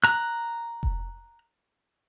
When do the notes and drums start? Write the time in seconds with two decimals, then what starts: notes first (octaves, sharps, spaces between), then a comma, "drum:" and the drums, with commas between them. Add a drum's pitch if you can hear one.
0.04 A#5 F#6, drum: hi-hat
0.83 drum: kick F1